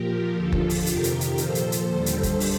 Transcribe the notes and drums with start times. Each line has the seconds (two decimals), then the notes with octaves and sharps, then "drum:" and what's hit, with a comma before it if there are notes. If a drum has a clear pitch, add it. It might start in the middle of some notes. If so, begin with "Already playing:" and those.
Already playing: A#2 F3 G4 A#4
0.35 D#2 D3 F3 F4 A4
0.52 drum: kick F#1
0.69 drum: open hi-hat
0.86 F2 C3 D#3 G4 A#4, drum: hi-hat
1.04 drum: hi-hat
1.21 drum: hi-hat
1.38 A#2 F3 A4 C5, drum: hi-hat
1.55 drum: hi-hat
1.72 drum: hi-hat
1.89 D#2 D3 G3
2.06 drum: hi-hat
2.23 drum: kick F#1, hi-hat
2.40 drum: open hi-hat